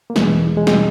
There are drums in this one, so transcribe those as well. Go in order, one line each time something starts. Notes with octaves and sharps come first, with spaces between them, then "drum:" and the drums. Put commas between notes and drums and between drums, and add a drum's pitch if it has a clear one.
A#3
E2 B2 E3 G#3, drum: snare
G#3
B2 G3, drum: snare